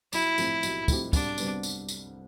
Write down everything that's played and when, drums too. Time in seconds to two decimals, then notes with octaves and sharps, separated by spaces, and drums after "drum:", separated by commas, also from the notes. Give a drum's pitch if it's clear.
0.13 B1 E4, drum: tambourine
0.38 A2 F3 C4 G4, drum: tambourine
0.63 B1, drum: tambourine
0.88 A2 F3 C4 G4, drum: kick, tambourine
1.13 C2 D4, drum: kick, tambourine
1.38 C3 G3 B3, drum: tambourine
1.63 drum: tambourine
1.88 drum: tambourine